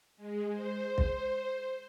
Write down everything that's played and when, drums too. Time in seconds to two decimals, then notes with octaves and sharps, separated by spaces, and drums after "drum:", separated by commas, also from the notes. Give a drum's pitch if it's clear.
0.17 G#3
0.50 C5
0.98 drum: kick